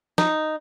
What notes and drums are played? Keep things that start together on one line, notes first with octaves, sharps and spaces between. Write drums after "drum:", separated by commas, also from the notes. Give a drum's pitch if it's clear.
D#4, drum: snare